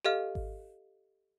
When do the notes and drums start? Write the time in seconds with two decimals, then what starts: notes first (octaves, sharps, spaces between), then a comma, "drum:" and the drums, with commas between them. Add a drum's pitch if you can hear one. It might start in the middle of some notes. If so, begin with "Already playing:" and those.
0.04 G4 A4 D#5 F5 F6
0.35 drum: kick G#1